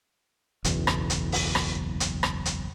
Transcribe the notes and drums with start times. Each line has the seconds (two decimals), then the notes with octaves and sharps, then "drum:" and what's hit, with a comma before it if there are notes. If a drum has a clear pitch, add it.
0.64 F#1 B1 E2, drum: hi-hat
0.87 drum: rim click
1.10 drum: hi-hat
1.32 drum: open hi-hat
1.55 drum: rim click
2.00 drum: hi-hat
2.23 drum: rim click
2.46 drum: hi-hat